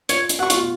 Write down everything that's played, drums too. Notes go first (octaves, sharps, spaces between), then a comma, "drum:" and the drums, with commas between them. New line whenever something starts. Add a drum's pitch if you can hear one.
F4 C#5, drum: hi-hat
drum: hi-hat
F#4 F#5 C#6
F4, drum: hi-hat
F#4